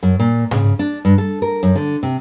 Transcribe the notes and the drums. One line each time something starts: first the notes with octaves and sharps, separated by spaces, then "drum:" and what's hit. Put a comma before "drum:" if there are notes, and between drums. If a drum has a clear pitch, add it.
F#2
A#2
C#3, drum: tom G#2
D4
G2
A4
A#4
F#2
D3
C3